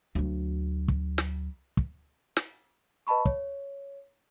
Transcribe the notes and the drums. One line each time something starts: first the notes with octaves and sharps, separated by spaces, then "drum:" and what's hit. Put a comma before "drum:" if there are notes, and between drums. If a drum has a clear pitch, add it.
D2 F#3
drum: kick
drum: snare
drum: kick
drum: snare
B4 D#5 A5 B5 C#6
C#5, drum: kick